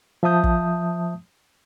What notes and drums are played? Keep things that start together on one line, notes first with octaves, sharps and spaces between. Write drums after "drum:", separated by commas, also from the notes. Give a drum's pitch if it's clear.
F3 E5 A5 D#6 G6
drum: kick